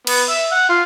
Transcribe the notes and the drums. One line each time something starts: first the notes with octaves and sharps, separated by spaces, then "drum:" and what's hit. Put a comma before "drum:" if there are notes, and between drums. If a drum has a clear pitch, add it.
B3, drum: cymbal
E5
F#5
F4